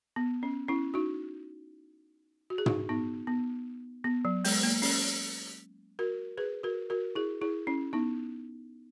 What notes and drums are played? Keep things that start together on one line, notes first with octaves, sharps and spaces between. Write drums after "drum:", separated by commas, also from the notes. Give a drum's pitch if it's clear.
B3
C#4
C#4 E4
D#4 F#4
F#4
G#4
D#4 F#4, drum: tom
B3 D#4
B3
B3
F#3
G#3, drum: open hi-hat
A#3
C#4, drum: open hi-hat
F#4 A#4
G#4 B4
F#4 A#4
F#4 A#4
E4 G#4
E4 G#4
C#4 E4
B3 D#4